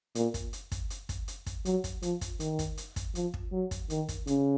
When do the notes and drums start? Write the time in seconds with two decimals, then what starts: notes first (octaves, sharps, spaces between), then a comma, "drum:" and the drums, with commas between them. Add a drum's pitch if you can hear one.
0.15 A#2, drum: hi-hat
0.34 drum: kick, hi-hat
0.53 drum: hi-hat
0.72 drum: kick, hi-hat
0.90 drum: hi-hat
1.09 drum: kick, hi-hat
1.28 drum: hi-hat
1.46 drum: kick, hi-hat
1.65 F#3, drum: hi-hat
1.84 drum: kick, hi-hat
2.02 F3, drum: hi-hat
2.21 drum: kick, hi-hat
2.40 D#3, drum: hi-hat
2.59 drum: kick, hi-hat
2.77 drum: hi-hat
2.96 drum: kick, hi-hat
3.15 F3, drum: hi-hat
3.34 drum: kick
3.52 F#3
3.71 drum: kick, hi-hat
3.90 D#3, drum: hi-hat
4.09 drum: kick, hi-hat
4.27 C#3, drum: hi-hat